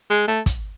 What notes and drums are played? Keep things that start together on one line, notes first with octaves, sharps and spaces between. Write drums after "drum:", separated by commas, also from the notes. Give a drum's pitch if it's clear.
G#3
A3
drum: kick, hi-hat